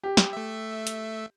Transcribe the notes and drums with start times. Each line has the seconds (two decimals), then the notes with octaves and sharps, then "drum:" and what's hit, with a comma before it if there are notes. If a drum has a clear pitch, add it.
0.04 G4
0.17 drum: snare
0.33 A3 E5
0.87 drum: hi-hat